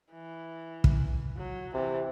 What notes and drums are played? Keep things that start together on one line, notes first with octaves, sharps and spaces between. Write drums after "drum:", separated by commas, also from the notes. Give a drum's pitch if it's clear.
E3
drum: kick
F#3
C3 E3